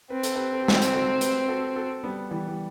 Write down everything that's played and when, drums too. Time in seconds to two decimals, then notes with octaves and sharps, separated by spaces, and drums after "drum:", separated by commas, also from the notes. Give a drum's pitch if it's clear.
0.10 C4 B4
0.23 A4, drum: hi-hat
0.36 G4 B4
0.52 A4
0.60 G4
0.68 F#4 A4, drum: snare
0.82 drum: hi-hat
0.93 F#4 A4
1.21 G4 B4, drum: hi-hat
1.48 F#4 A4
1.76 F#4 A4
2.04 G3 B3
2.31 E3 G3
2.48 G3